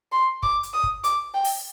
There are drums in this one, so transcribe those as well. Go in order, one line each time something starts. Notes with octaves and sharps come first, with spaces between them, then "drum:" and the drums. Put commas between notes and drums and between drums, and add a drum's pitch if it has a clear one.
C6
D6, drum: kick
drum: hi-hat
D#6
drum: kick
D6, drum: hi-hat
G5
drum: open hi-hat